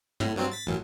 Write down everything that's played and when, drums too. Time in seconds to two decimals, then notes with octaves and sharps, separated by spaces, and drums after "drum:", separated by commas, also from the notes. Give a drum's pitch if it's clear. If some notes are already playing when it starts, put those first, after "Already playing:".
0.20 A2, drum: tom
0.36 G2 F#3 C4
0.51 A6 B6
0.66 A1 F#2